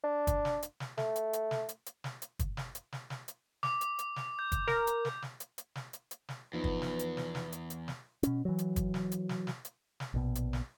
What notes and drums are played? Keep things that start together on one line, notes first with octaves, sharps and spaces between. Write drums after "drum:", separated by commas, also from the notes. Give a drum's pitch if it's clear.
D4
drum: kick, hi-hat
drum: snare
drum: hi-hat
drum: snare
A3, drum: snare
drum: hi-hat
drum: hi-hat
drum: snare
drum: hi-hat
drum: hi-hat
drum: snare
drum: hi-hat
drum: kick, hi-hat
drum: snare
drum: hi-hat
drum: snare
drum: snare
drum: hi-hat
D6, drum: snare
drum: hi-hat
drum: hi-hat
drum: snare
G6
drum: kick, hi-hat
A#4, drum: snare
drum: hi-hat
drum: snare
drum: snare
drum: hi-hat
drum: hi-hat
drum: snare
drum: hi-hat
drum: hi-hat
drum: snare
E2 F3 B3 D#4 B4
drum: kick
drum: snare
drum: hi-hat
drum: snare
drum: snare
drum: hi-hat
drum: hi-hat
drum: snare
B2 C#4, drum: hi-hat
E3 F#3
drum: hi-hat
drum: kick, hi-hat
drum: snare
drum: hi-hat
drum: snare
drum: snare
drum: hi-hat
drum: snare
A#1 B2
drum: hi-hat
drum: snare